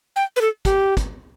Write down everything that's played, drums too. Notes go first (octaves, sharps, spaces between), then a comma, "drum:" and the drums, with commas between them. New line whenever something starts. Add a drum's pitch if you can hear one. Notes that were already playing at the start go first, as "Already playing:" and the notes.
G5
B4
A4
G4, drum: kick, hi-hat
drum: kick, hi-hat